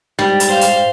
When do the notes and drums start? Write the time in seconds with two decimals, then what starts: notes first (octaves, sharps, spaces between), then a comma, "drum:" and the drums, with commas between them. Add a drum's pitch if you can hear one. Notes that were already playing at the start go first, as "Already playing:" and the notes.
0.19 G#2 G3 G5 A6
0.40 drum: hi-hat
0.50 C5 F5
0.61 drum: hi-hat